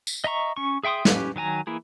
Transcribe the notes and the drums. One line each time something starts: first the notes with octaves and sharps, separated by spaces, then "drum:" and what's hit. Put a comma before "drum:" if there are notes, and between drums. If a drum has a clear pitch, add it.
drum: tambourine
D#5 E5 A#5 C#6
C#4 C#6
G#4 E5 G5 C6 D#6
C#4 G4 B4, drum: snare
D#3 F#3 G#5 A#5
E3 A#3 E4 G#4